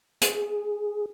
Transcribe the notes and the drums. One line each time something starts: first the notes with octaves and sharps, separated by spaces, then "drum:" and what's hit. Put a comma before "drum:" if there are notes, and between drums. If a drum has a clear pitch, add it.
G#4, drum: hi-hat